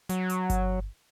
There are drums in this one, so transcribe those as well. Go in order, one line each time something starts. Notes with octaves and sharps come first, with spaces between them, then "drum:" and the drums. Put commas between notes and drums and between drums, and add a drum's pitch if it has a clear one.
F#3, drum: hi-hat
drum: hi-hat
drum: kick G1, hi-hat